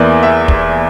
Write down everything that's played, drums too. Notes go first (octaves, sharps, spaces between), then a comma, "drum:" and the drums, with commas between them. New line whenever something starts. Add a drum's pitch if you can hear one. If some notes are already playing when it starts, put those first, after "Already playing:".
Already playing: E2 E3 A#3 E4 D5
E5
drum: kick